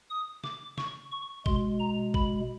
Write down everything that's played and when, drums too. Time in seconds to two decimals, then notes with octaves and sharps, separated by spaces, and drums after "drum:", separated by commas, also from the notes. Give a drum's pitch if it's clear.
0.10 D#6
0.44 D6, drum: snare
0.78 C#6, drum: snare
1.12 C#6
1.46 B2 G#3 C6, drum: kick G#1
1.79 A#5
2.14 B5, drum: kick G#1